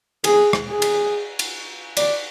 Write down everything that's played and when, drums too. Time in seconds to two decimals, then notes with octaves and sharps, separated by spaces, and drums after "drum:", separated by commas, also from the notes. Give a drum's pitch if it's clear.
0.24 G#4, drum: cymbal
0.53 drum: rim click
0.68 G#4
0.82 drum: cymbal
1.39 drum: cymbal
1.97 D5, drum: cymbal